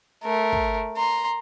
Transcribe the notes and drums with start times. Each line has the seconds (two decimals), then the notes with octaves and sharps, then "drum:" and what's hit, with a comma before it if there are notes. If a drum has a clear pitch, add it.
0.24 A3 A#4
0.52 drum: kick
0.97 A#5 C6